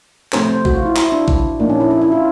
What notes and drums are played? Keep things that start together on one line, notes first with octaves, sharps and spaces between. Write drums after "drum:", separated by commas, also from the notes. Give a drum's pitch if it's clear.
C3 F3 A3 C4 C5, drum: clap
C5
F#4, drum: kick A#1
F4
E4
E4, drum: clap
D4
drum: kick A#1
A#2 F3 A#3 D4 D#4
C#4
E4
E4
E4
F4